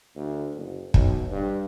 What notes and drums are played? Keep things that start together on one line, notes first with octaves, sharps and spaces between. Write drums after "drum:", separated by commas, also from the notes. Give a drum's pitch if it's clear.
D2
F#1
B1, drum: kick
G2